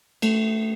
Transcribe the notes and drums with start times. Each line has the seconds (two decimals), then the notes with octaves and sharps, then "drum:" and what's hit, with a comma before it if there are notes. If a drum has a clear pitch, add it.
0.22 A3, drum: cymbal